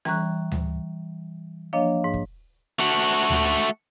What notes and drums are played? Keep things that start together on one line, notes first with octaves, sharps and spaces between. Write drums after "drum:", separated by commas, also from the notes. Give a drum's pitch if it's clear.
E3 G3 A#5 C#6 F#6, drum: snare C#4
drum: tom D2
F3 A#3 D4 C#5 D#5 F5
G#2
drum: kick
A3 F#4
drum: tom D2